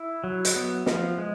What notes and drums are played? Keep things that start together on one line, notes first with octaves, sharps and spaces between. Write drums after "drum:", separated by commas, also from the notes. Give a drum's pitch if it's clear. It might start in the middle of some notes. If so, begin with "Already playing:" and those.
Already playing: E4
F#3
drum: hi-hat
B3
F3, drum: snare
G#3